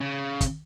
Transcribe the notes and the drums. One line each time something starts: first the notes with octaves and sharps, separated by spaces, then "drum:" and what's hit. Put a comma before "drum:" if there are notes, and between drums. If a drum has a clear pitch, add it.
C#3
drum: kick, hi-hat